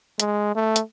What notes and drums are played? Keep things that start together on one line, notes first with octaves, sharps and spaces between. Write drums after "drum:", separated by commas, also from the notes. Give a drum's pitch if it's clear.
G#3, drum: hi-hat
A3
drum: hi-hat